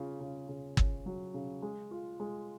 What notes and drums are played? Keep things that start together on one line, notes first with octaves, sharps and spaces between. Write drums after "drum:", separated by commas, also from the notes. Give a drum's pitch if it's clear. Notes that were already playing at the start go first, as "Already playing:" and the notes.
Already playing: C#3 F4
C#3
C#3
C#4, drum: kick
F#3
C#3
G#3
F4
G#3